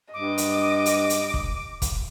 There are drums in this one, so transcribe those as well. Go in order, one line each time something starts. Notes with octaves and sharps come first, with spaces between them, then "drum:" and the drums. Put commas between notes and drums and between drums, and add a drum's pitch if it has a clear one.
G2 D#5 D6
drum: hi-hat
drum: hi-hat
drum: hi-hat
drum: kick
drum: kick, hi-hat